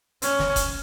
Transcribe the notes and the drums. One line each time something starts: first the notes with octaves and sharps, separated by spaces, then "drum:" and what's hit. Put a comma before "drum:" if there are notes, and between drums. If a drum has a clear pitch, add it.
C#4, drum: hi-hat
drum: snare
drum: kick, hi-hat